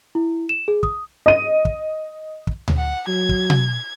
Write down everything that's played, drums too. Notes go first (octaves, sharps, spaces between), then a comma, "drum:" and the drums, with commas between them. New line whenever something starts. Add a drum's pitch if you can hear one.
E4
E7
G#4
D#6, drum: kick
D#5 D#7
drum: kick
drum: kick
drum: tom D2
F#5
F#3 G#6
drum: kick
drum: tom B2